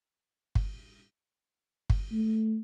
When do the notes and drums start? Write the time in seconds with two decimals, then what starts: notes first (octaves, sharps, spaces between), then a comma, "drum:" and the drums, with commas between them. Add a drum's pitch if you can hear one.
0.55 drum: kick
1.90 drum: kick
2.12 A3